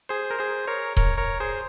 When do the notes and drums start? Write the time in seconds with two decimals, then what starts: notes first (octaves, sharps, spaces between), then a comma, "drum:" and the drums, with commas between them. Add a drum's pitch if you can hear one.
0.09 G#4 C5
0.31 A#4
0.39 G#4 C5
0.67 A#4 C#5
0.97 A#4 C#5, drum: kick D#1
1.18 A#4 C#5
1.40 G#4 C5